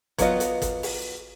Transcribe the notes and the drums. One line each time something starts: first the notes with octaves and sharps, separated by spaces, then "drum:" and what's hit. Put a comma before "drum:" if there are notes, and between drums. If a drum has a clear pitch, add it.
F#3 B3 F4 D#5, drum: kick, hi-hat
drum: hi-hat
drum: kick, hi-hat
drum: open hi-hat